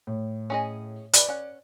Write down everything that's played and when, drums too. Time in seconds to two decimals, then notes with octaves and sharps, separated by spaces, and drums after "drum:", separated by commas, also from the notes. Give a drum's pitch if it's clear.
0.07 A2
0.50 C#4 G#4 D#5
1.13 E3 B4 D5, drum: hi-hat
1.28 C#4 F#5